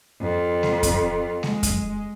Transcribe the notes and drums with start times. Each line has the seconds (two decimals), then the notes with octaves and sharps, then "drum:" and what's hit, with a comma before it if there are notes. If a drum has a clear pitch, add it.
0.21 F2
0.63 drum: snare G#3
0.83 drum: kick F2, hi-hat
1.43 G#3, drum: snare G#3
1.63 drum: kick F2, hi-hat